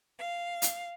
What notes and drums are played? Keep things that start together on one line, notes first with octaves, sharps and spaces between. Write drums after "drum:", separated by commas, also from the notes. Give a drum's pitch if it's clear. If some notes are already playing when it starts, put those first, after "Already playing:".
F5
drum: hi-hat